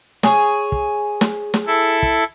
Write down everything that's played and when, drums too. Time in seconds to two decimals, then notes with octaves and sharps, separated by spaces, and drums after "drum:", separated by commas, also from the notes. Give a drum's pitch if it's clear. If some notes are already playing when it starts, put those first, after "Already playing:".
0.23 G#4 C#5, drum: snare
0.72 drum: kick
1.21 drum: snare
1.54 drum: snare
1.66 E4 A4
2.03 drum: kick